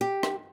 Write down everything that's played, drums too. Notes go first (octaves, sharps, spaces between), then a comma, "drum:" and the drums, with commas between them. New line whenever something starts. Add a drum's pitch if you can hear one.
G4
drum: rim click